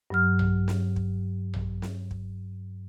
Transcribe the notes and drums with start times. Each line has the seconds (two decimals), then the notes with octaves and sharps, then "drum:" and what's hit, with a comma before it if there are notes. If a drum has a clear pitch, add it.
0.10 G2 F#3 F6
0.39 drum: tom A#1
0.68 drum: snare
0.96 drum: kick
1.54 drum: tom A#1
1.82 drum: snare
2.11 drum: kick